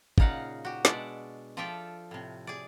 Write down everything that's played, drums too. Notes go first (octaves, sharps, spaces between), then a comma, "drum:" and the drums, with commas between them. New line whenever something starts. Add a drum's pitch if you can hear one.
A#2 C#3 D#4 F5 F#5, drum: kick
F#4 G4
B2 G#3 D4 D5 E5 F#5, drum: snare
F3 F4 A4 D5 E5 G5
A2 C3
G#4 D5